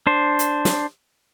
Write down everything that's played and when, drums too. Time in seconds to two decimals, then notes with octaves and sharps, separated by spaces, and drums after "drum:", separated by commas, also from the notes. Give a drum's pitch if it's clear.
0.07 D4 C5
0.39 drum: hi-hat
0.65 drum: snare